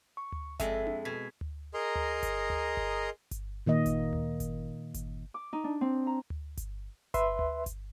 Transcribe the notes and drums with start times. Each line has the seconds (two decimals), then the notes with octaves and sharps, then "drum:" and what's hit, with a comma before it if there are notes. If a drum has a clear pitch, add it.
0.17 C#6
0.32 drum: tom D2
0.60 F2 G#3 E5, drum: kick G1, hi-hat
0.87 drum: tom D4
1.05 B2 G#6 B6
1.41 drum: tom D2
1.74 G#4 A#4 D#5 A#5 C6
1.95 drum: tom D2
2.23 drum: kick G1, hi-hat
2.50 drum: tom D2
2.77 drum: kick G1
3.31 drum: kick G1, hi-hat
3.66 A#2 D#3 A#3 D#5
3.86 drum: kick G1, hi-hat
4.13 drum: tom D2
4.40 drum: kick G1, hi-hat
4.94 drum: kick G1, hi-hat
5.34 D6
5.53 D#4
5.64 D4
5.81 C4
6.07 A#5
6.30 drum: tom D2
6.57 drum: kick G1, hi-hat
7.14 B4 E5 C6, drum: kick G1, hi-hat
7.39 drum: tom D2
7.66 drum: kick G1, hi-hat